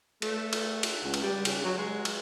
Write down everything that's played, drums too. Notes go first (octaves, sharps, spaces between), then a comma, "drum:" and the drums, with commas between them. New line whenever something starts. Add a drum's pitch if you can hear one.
A3, drum: cymbal
drum: cymbal
drum: cymbal
C#2
drum: cymbal
G3
C#3, drum: cymbal
F#3
G#3
drum: cymbal